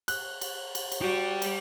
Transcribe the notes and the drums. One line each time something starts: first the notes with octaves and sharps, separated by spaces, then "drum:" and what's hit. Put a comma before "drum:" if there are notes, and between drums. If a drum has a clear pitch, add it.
F#6, drum: cymbal
drum: cymbal
drum: cymbal
drum: cymbal
F#4 G4 D5
drum: cymbal